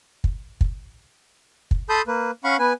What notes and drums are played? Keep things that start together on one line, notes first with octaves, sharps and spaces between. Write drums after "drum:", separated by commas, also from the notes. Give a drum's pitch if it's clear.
drum: kick
drum: kick
drum: kick
A4 A5 B5 C6 D#6 G6
A#3 B4
C#4 F5 F#5 B5 C#6
B3 B4 G#5